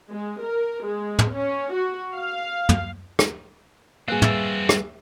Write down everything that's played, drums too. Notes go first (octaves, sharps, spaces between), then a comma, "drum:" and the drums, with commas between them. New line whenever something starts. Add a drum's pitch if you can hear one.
G#3
A#4
G#3
drum: tom
C#4
F#4
F5
drum: tom
drum: rim click
G3 A#3 C4 F#4 G#4 B4 F5 F#6
E5 E6 A6, drum: tom
drum: rim click